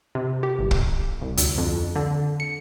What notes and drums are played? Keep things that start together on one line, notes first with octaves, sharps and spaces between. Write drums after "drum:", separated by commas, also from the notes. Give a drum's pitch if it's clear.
C3
G4
G1
drum: kick
C2
D2, drum: hi-hat
F2
D3
C#7